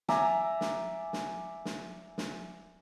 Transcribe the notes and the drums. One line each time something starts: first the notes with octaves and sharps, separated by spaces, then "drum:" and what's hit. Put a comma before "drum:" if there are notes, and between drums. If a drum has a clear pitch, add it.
D5 E5 G#5 A#5, drum: snare
drum: snare
drum: snare
drum: snare
drum: snare